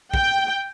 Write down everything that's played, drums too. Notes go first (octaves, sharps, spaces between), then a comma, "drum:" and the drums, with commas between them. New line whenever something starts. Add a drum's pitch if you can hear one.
G5, drum: kick